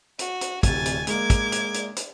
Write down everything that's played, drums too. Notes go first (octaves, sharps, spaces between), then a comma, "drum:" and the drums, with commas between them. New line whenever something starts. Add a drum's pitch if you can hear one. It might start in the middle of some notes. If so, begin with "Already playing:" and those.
F#4, drum: hi-hat
drum: hi-hat
D1 C3 G#5 A6, drum: kick, hi-hat
drum: hi-hat
G#3 A#3 D6 G#6, drum: hi-hat
drum: kick, hi-hat
drum: hi-hat
drum: hi-hat
drum: hi-hat